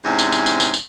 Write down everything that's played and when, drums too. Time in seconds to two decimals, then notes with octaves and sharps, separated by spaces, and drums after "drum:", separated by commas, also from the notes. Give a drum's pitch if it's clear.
0.05 E2 G#2 C3 C#4
0.19 drum: tambourine
0.32 drum: tambourine
0.46 drum: tambourine
0.60 drum: tambourine
0.74 drum: tambourine